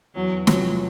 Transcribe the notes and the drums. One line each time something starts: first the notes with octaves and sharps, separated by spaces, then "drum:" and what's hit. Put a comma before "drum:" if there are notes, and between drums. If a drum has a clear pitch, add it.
E2 F#3
C3 F3 F#3, drum: snare